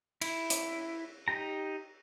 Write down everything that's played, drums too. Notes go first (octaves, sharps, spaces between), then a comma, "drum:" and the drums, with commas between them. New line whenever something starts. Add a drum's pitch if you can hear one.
E4, drum: cymbal
drum: hi-hat
D#4 G4 A#5